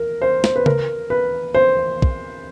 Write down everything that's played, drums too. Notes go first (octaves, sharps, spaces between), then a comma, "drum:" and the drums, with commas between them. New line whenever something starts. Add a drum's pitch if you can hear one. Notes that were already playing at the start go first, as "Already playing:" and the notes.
Already playing: A#4
C5
C5, drum: snare
B4
A#4, drum: tom C#3
B4
C5
drum: kick